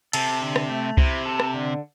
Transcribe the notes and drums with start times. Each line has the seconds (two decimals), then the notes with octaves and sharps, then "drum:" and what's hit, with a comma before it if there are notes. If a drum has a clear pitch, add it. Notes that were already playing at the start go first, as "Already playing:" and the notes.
0.13 C3 A4, drum: cymbal
0.42 D3
0.56 drum: rim click
0.69 A3
0.97 C3 E4, drum: kick C2
1.25 A4
1.40 drum: rim click
1.54 D3